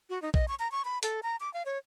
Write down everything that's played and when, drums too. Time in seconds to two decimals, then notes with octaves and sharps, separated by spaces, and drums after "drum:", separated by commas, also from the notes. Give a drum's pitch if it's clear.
0.10 F#4
0.22 D#4
0.34 D#5, drum: kick A#1
0.48 C#6
0.59 A#5
0.72 C#6
0.85 B5
1.03 A4, drum: hi-hat
1.23 A#5
1.40 D6
1.54 F5
1.66 C#5